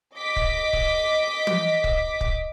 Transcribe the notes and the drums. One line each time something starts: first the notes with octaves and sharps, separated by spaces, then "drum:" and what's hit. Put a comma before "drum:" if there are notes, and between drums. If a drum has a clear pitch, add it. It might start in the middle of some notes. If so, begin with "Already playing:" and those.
D#5 D6 B6
drum: kick
drum: kick
drum: tom
drum: kick
drum: kick